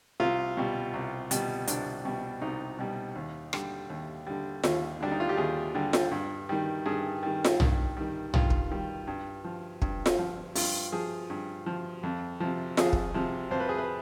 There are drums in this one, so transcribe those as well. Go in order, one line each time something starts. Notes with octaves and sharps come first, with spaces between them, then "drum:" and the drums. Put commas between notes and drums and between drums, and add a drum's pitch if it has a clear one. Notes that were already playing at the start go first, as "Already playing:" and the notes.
C2 F4
B2 G3
C2
B2 G3, drum: hi-hat
C2 D4, drum: hi-hat
B2 G3
C2 D#4
B2 G3
D#2
D3 G3, drum: rim click
D#2
D3 G3
D#2, drum: snare F4
D3 G3 D4
D#4
F4
G4
D#2 G#4
D3 G3
drum: snare F4
G2
D#3 G3
G2 G#4
D#3 G3
drum: snare F4
G2, drum: tom
D#3 G3
G2 F4, drum: tom
drum: kick
D#3 G3
G2
F3
G2, drum: kick
drum: snare F4
F3
G2 F4, drum: open hi-hat
F3 G#4
G2
F3
F2
C3 F3
F2 G#4, drum: snare F4
drum: kick
C3 F3
F2 C5
B4
G#4
B4